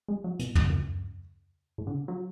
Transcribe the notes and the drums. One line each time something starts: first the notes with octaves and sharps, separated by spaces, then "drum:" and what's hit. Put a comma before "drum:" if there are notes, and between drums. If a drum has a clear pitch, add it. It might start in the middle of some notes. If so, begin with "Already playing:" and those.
G#3
F#3
B2, drum: hi-hat
A2, drum: tom
F#2
A2
D3
C#3
F#3